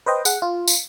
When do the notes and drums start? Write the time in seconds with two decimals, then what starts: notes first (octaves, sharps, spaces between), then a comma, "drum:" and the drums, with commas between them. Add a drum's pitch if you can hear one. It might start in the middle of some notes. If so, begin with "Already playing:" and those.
0.06 B4 C5 D#5 G5
0.25 G#4 F#5, drum: tambourine
0.42 F4
0.68 drum: tambourine